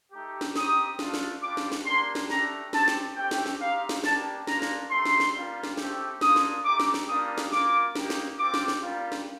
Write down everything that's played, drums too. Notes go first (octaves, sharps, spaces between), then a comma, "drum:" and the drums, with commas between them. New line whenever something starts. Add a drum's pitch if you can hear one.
A3 D#4 G4
drum: snare
C4 D#4 G4 D#6, drum: snare
A3 D4 F4, drum: snare
drum: snare
G3 D4 F4 D6
drum: snare
drum: snare
A#3 D4 G4 C6
drum: snare
A3 D4 G4 A#5, drum: snare
C4 G4 A5, drum: snare
drum: snare
A3 C4 G4 G5
drum: snare
drum: snare
C4 D#4 G4 F5
drum: snare
A#3 D4 G4 A5, drum: snare
A#3 D4 F4 A#5, drum: snare
drum: snare
A3 D#4 G4 C6
drum: snare
drum: snare
G3 A#3 F4
drum: snare
A3 C4 G4, drum: snare
A#3 D4 F4 D#6, drum: snare
drum: snare
A3 D#4 G4 D6
drum: snare
drum: snare
G3 A#3 D4 F4 D#6
drum: snare
A#3 F4 D6, drum: snare
A#3 D#4 G4, drum: snare
drum: snare
C4 F4 D6
drum: snare
drum: snare
G3 A#3 F4
drum: snare